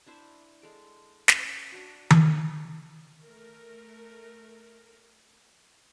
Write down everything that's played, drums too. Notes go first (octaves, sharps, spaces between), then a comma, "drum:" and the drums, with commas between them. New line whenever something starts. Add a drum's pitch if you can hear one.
D4 E4 C5 E5
G#3 A4 D6
C#4, drum: snare
D4 F#4
drum: tom D#3
A3 A#4